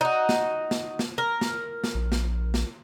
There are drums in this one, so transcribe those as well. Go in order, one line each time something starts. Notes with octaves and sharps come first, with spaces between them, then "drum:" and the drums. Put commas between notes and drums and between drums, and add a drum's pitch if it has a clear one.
D#4 F#4
drum: snare
drum: snare
drum: snare
A#4
drum: snare
drum: snare
A#1
drum: snare
drum: snare